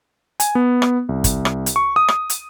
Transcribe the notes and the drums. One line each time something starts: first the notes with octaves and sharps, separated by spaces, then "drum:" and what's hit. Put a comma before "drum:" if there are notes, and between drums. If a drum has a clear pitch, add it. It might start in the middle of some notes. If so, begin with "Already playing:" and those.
G#5, drum: hi-hat
B3
drum: rim click
C2
drum: kick, hi-hat
drum: rim click
drum: hi-hat
C#6
D#6
drum: rim click
drum: hi-hat